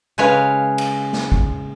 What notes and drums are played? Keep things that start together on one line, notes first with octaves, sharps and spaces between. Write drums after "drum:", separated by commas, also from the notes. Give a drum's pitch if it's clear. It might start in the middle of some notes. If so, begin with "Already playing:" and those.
C#3 G#3 B4 C#5 F5
drum: cymbal
drum: snare
drum: kick